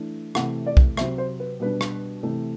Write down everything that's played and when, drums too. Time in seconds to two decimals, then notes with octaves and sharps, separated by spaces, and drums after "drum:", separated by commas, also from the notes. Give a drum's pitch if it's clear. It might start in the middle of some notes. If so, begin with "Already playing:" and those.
Already playing: E3 A3 D4
0.35 C3 E3 A3 F#5, drum: rim click
0.66 D5
0.77 drum: kick B1
0.97 C3 F#3 C4 E5, drum: rim click
1.18 C5
1.40 B4
1.60 B2 G3 D4 B4
1.81 drum: rim click
2.23 C3 E3 A3